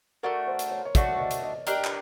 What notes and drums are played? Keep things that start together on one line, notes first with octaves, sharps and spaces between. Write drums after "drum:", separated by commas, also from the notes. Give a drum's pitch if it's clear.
A3 D4 F#4 A#4
C5
drum: hi-hat
C#5
C#5
A3 D4 F#4 D5, drum: kick, hi-hat
D#5
drum: hi-hat
D#5
D4 G4 A#4 D#5, drum: hi-hat
drum: clap